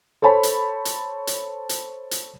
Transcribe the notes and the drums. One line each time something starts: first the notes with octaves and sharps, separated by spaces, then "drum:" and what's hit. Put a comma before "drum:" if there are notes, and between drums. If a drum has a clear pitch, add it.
A4 C5 C#5 A5 B5
drum: hi-hat
drum: hi-hat
drum: hi-hat
drum: hi-hat
drum: hi-hat